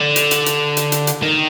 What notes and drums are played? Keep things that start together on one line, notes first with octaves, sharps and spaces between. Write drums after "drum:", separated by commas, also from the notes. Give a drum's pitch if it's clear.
D3
drum: hi-hat
drum: hi-hat
drum: hi-hat
drum: hi-hat
drum: hi-hat
drum: hi-hat
D#3